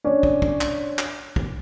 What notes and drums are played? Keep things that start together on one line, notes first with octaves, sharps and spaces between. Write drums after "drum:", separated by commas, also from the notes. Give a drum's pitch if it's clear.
C#4 D4
drum: kick
drum: kick
drum: clap
drum: clap
drum: kick